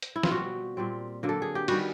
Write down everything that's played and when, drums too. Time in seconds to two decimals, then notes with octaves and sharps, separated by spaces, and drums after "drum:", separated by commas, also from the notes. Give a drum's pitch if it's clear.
0.02 drum: hi-hat
0.16 E4
0.23 F4, drum: snare
0.31 B2 G3 C4 F#4
0.77 A#2 G3 C4
1.23 D3 F#3 A#3
1.29 A4
1.42 G#4
1.55 G4
1.68 D#3 G3 B3 F#4, drum: cymbal